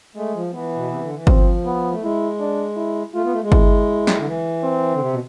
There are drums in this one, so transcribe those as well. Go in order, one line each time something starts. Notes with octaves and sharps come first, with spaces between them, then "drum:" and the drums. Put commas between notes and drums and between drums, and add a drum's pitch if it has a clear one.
G#3 A3
F3
E3 B3
B2
C3
D3
E3
F3 C4, drum: kick G1
B3
A3
G#3 E4
D4
E4
A3 F4
B3
A3
G#3
E4, drum: kick G1
drum: snare
D3
E3
C4
D3
C3
B2